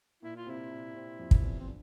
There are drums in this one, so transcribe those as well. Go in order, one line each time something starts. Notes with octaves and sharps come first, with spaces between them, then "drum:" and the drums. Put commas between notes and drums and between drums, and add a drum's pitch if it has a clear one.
A#2 A#3 E4
F4
C3 C4 E4
A#2 A#3
C3 C4
F2 F3
drum: kick
E2 E3
C4
D3